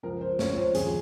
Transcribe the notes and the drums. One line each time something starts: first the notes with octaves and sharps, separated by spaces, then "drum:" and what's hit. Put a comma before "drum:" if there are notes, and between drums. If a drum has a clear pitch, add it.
C#2 C#3 F3 A#4
C5
C#2 C#3 F3 C#5, drum: snare
C5
D#2 C#3 F3 G#4, drum: hi-hat